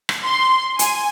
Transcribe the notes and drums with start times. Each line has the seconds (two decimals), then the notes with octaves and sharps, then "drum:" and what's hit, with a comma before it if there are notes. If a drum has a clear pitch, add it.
0.09 drum: rim click
0.25 C6
0.79 G#5, drum: hi-hat